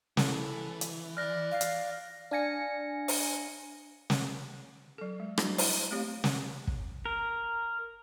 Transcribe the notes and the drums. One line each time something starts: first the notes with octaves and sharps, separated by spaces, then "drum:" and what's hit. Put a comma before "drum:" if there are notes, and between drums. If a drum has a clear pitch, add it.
E3 A4, drum: snare
drum: hi-hat
D5 F6 F#6 A#6
F5
drum: hi-hat
D4 F5 G#5 A#6 C#7
drum: open hi-hat
drum: snare
F#3 A4
G#3
F#3 G3 D4 F#4 C5 A5, drum: rim click
E4, drum: open hi-hat
A3 C4 G4 C#5 F5
drum: snare
drum: kick
A#4